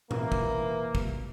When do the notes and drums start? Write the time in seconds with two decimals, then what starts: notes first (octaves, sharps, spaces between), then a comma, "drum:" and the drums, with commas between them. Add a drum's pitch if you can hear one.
0.11 E3 A#3, drum: tom A#2
0.32 drum: kick
0.95 drum: kick